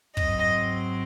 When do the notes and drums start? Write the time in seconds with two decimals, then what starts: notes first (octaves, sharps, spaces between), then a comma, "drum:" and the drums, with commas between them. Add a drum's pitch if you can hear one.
0.17 G#2 F#3 C4 D#5, drum: kick